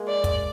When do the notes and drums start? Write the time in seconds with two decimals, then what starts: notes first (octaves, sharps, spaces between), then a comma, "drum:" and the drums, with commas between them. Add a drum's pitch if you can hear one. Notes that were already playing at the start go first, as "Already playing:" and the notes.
Already playing: G#3 A#3
0.08 D5
0.24 drum: kick, hi-hat